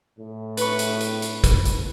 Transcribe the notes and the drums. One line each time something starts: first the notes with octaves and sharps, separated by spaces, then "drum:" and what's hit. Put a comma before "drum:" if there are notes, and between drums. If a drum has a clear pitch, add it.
A2
B4 C#6, drum: hi-hat
drum: hi-hat
drum: hi-hat
drum: hi-hat
drum: kick, hi-hat
drum: hi-hat